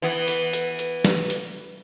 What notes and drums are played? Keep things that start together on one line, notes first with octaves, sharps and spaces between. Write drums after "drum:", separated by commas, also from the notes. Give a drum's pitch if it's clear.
E3 B3
drum: hi-hat
drum: hi-hat
drum: hi-hat
drum: snare
drum: hi-hat